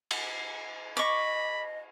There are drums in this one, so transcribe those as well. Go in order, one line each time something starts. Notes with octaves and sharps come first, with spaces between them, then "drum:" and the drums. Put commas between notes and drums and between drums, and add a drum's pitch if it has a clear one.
drum: cymbal
D#5 B5 C#6 D6